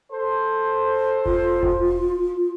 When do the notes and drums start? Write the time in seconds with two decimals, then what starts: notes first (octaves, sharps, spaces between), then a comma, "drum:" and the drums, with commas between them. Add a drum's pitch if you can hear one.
0.11 A4 C5
1.26 F4, drum: kick E1
1.63 drum: kick E1